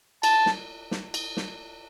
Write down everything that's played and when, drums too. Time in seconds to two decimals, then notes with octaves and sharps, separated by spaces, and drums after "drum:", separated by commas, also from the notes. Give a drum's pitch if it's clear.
0.23 A5, drum: cymbal
0.46 drum: snare
0.91 drum: snare
1.14 drum: cymbal
1.37 drum: snare